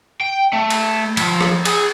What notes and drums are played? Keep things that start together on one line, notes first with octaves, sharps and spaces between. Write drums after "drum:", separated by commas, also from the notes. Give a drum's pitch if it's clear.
G5
A3
drum: cymbal
F3, drum: cymbal
drum: rim click
G#4, drum: cymbal